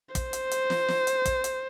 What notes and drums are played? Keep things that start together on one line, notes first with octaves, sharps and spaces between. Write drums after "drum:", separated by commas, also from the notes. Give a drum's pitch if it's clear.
C5, drum: kick, hi-hat
drum: hi-hat
drum: hi-hat
drum: snare
drum: snare
drum: hi-hat
drum: kick, hi-hat
drum: hi-hat